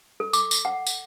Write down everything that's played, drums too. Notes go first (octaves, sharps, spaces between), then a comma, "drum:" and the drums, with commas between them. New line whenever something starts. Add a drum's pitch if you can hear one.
A4
D6, drum: tambourine
drum: tambourine
F#5
drum: tambourine